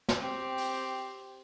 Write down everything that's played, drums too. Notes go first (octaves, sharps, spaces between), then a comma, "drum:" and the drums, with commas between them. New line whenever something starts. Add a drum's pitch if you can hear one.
drum: snare
C4 G4
drum: open hi-hat